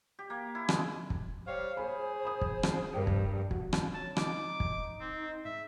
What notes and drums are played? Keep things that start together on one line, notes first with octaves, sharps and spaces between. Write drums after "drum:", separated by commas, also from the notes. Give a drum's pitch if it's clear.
G4
A#3
E4
G#3, drum: rim click
drum: kick
G3 C5 C#5 F5
G#4 C#5 G#5 B5
B5 D#6
drum: kick
drum: rim click
G2 A#4 G5
drum: kick
F#4, drum: kick
drum: rim click
C#5 A5
D#4 D6, drum: rim click
drum: kick
C4
G#2 E5